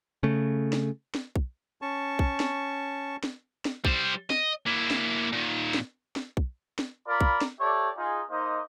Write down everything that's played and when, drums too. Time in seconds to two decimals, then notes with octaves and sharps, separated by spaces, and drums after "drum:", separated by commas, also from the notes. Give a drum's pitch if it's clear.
0.23 C#3 A3
0.73 drum: snare
1.15 drum: snare
1.36 drum: kick
1.82 C#4 A5 C#6
2.19 drum: kick
2.40 drum: snare
3.24 drum: snare
3.65 drum: snare
3.85 G3 C5, drum: kick
4.30 D#5, drum: snare
4.66 A#3 E4
4.91 drum: snare
5.33 A#2 D#3
5.74 drum: snare
6.16 drum: snare
6.37 drum: kick
6.79 drum: snare
7.08 F4 A#4 D5 B5
7.21 drum: kick
7.41 drum: snare
7.60 G4 A4 C#5 D5 E5
7.96 D#4 F4 G#4
8.29 A#3 D#4 C5 D#5